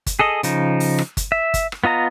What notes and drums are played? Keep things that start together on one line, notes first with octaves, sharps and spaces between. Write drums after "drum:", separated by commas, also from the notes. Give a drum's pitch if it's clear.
drum: kick G1, hi-hat
G#4 A4 D#5
C#3 F3 D#4, drum: hi-hat
drum: open hi-hat
drum: rim click
drum: kick G1, hi-hat
E5
drum: kick G1, hi-hat
drum: rim click
B3 F4 D#5 A#5